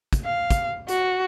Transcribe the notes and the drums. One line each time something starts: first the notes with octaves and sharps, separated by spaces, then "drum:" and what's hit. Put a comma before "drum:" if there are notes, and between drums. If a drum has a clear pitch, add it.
drum: kick, hi-hat
F5
drum: kick, hi-hat
F#4, drum: hi-hat